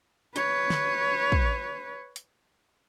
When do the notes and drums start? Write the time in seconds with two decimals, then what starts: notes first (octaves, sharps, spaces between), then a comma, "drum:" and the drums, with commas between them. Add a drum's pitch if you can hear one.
0.36 B4 C#5, drum: hi-hat
0.70 drum: snare
1.32 drum: kick
2.16 drum: hi-hat